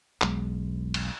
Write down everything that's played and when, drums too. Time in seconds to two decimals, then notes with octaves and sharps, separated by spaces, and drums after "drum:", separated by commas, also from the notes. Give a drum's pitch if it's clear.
0.21 E1 B1 G#3, drum: clap
0.94 drum: cymbal